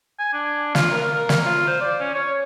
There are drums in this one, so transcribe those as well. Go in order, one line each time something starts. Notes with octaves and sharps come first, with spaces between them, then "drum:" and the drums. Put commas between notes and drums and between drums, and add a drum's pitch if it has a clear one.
G#5
D4
F4, drum: snare
A#4
A#4
drum: snare
F4
C5
D5
C#4
C#5